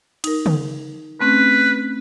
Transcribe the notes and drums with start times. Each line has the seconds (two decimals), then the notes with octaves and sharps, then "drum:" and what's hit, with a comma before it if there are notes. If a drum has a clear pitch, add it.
0.24 D#4 A#4, drum: cymbal
0.46 drum: tom
1.21 A3 C4 C#4 B4